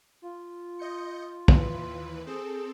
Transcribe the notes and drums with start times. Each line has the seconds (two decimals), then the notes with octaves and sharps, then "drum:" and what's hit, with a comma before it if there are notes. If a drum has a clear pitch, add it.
0.22 F4
0.79 D#5 G6 C#7
1.48 D#2 E3 B4, drum: kick
2.26 C4 G#4 A4 E7